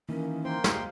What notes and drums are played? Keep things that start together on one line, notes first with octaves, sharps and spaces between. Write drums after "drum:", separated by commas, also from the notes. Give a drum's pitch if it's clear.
D#3 E3 A#3 C#4
A#3 C5 G5 C6
G#3 F#4 F5, drum: snare